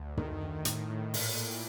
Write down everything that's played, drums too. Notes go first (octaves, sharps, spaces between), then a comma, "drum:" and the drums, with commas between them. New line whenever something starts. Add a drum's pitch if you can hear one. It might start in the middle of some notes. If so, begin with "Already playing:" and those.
Already playing: D2
D#3, drum: tom
D#3
A2, drum: hi-hat
A2
A#2, drum: open hi-hat
A#2